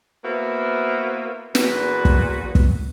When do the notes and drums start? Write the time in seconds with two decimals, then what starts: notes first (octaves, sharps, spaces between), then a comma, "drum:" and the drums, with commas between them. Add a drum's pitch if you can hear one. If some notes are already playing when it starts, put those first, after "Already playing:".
0.24 A#3 B3 E4 F#4 B4 C5
1.55 E2 A#2 F#4 B4, drum: snare
2.05 drum: kick
2.55 drum: kick